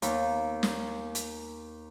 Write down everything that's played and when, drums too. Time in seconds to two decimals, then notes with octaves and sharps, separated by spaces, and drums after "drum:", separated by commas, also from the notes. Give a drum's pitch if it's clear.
0.02 D#2 B3, drum: hi-hat
0.63 drum: snare
1.15 drum: hi-hat